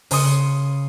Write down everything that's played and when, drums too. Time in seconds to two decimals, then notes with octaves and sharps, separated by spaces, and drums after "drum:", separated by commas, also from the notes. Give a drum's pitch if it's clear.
0.11 C#3 C6 D#6 C#7, drum: open hi-hat